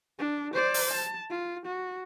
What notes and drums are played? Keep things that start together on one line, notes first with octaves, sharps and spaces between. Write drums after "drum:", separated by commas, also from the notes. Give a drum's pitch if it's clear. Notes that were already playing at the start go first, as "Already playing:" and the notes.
D4
C5 D5
drum: open hi-hat
A5
F4
F#4